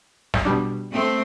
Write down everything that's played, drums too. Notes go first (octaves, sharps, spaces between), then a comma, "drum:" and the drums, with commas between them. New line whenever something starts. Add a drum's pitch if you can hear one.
drum: snare
B2 G3 D4
A3 C4